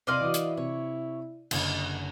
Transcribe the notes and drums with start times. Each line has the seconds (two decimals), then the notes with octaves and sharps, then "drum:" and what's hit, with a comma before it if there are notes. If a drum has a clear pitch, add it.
0.07 C3 D5 D#5 F5 C6 D#7
0.21 E3 F#4
0.34 E4, drum: hi-hat
0.57 C3 C#5
1.51 F#1 D3 D#5, drum: cymbal